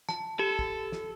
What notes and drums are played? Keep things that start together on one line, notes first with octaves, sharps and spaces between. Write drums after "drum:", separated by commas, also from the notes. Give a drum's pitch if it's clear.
A5, drum: snare
G4 A4
drum: kick
drum: snare